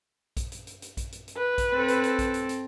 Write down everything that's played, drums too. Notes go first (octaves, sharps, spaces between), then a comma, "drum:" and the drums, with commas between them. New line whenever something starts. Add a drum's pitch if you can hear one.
drum: kick A#1, hi-hat
drum: hi-hat
drum: hi-hat
drum: hi-hat
drum: kick A#1, hi-hat
drum: hi-hat
drum: hi-hat
B4
drum: kick A#1, hi-hat
C4 A4
drum: hi-hat
drum: hi-hat
drum: kick A#1, hi-hat
drum: hi-hat
drum: hi-hat